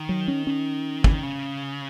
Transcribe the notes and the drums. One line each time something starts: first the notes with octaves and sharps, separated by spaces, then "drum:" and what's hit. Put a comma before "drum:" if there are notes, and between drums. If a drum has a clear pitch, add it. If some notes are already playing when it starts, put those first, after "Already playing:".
Already playing: D#3
F#3
C#4
C#4
E3, drum: kick
D#3
C#3